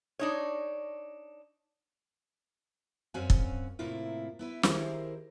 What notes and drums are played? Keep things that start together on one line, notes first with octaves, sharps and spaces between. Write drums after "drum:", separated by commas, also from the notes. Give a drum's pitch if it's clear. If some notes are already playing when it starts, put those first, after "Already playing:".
D4 D#4 C#5
F#2 C4 C#4 F#4 F5 G#5
drum: kick
A2 C3 A#3 E4 F4
B3 E4 B4
D#3 E4 G4 G#4 A#4 C5, drum: snare